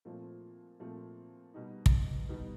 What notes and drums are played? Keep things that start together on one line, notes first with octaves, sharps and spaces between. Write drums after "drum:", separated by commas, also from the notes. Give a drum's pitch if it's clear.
A#2 F3 A3 C4
A#2 F3 A3 C4
B2 G3 B3 D#4
drum: kick
B2 G3 B3 D#4